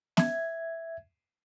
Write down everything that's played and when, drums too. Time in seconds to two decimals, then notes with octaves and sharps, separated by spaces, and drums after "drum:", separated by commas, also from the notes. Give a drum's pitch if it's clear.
0.17 E5 G#6, drum: snare